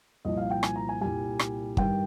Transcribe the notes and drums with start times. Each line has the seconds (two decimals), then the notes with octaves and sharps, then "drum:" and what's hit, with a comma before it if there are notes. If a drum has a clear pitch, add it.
0.25 C2 A#2 F3 D#5
0.37 F5
0.51 G5
0.63 G#5, drum: rim click
0.76 A#5
0.89 G#5
1.01 C2 A#2 G3 G#5
1.39 drum: rim click
1.77 G2 D#3 G3 G5, drum: kick